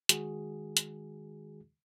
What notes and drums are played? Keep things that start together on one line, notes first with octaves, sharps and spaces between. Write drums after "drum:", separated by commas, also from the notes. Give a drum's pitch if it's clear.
D#3 G#3 F#4 G#4, drum: hi-hat
drum: hi-hat